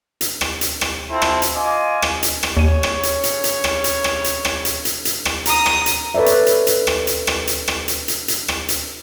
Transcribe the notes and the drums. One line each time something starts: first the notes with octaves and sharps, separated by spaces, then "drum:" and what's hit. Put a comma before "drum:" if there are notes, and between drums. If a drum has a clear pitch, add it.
drum: hi-hat
drum: rim click
drum: hi-hat
drum: rim click
C4 E4 F4 A4
drum: rim click
drum: hi-hat
F4 D#5 G#5 D6
drum: rim click
drum: hi-hat
drum: rim click
D#2 C#3 C#5 D#7
drum: rim click
drum: hi-hat
drum: hi-hat
drum: hi-hat
drum: rim click
drum: hi-hat
drum: rim click
drum: hi-hat
drum: rim click
drum: hi-hat
drum: hi-hat
drum: hi-hat
drum: rim click
A#5 D#6, drum: hi-hat
drum: rim click
drum: hi-hat
A4 B4 C#5 D5 E5
drum: hi-hat
drum: hi-hat
drum: hi-hat
drum: rim click
drum: hi-hat
drum: rim click
drum: hi-hat
drum: rim click
drum: hi-hat
drum: hi-hat
drum: hi-hat
drum: rim click
drum: hi-hat